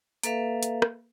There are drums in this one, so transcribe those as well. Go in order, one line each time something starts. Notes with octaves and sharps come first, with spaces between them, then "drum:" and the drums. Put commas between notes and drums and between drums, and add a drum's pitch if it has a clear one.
A#3 A4 B4 E5 F5, drum: hi-hat
drum: hi-hat
drum: rim click